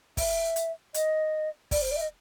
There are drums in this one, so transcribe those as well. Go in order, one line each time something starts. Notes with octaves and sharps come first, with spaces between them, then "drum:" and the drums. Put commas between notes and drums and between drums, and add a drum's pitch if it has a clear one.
E5, drum: kick, open hi-hat
drum: hi-hat
D#5, drum: hi-hat
D5, drum: kick, open hi-hat
C5
D5
E5
D#5